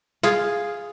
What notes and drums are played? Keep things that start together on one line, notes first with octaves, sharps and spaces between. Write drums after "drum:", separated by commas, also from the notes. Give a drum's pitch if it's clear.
F4 G#4 F5, drum: snare